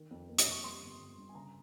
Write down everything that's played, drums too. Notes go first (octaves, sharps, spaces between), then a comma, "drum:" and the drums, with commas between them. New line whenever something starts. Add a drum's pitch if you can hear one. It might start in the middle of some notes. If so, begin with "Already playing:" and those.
Already playing: D#3
F2
A#3
D#6, drum: hi-hat
C3 C#6
G3 C6
G1
G1
G2
G#5
C#3 A#5